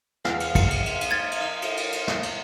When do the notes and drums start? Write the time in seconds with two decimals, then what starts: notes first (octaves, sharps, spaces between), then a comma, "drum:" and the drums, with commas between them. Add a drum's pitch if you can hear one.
0.25 E2 F5, drum: snare
0.40 drum: cymbal
0.55 drum: kick, cymbal
0.71 drum: cymbal
0.86 drum: cymbal
1.01 drum: cymbal
1.11 G#6 A6
1.31 drum: cymbal
1.41 D#4
1.62 drum: cymbal
1.77 drum: cymbal
1.92 drum: cymbal
2.08 drum: snare
2.23 drum: cymbal